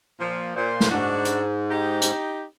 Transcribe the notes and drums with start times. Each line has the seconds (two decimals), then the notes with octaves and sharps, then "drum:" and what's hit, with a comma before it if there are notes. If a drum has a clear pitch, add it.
0.20 A#2 F3
0.56 A#2 C5
0.80 drum: snare
0.90 G#2 D4 F#4
1.25 drum: hi-hat
1.71 D#4 G4
2.02 drum: hi-hat